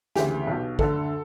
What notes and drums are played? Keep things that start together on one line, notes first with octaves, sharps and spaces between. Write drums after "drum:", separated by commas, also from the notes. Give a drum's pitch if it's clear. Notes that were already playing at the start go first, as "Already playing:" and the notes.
D2 C#3 E3 G4, drum: snare
B1 B2
D2 D3 A4, drum: kick